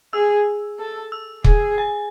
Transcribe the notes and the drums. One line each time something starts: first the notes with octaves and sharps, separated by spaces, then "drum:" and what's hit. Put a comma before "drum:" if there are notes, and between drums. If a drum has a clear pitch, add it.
G#4 E6
A4
E6
G#4, drum: kick
G#5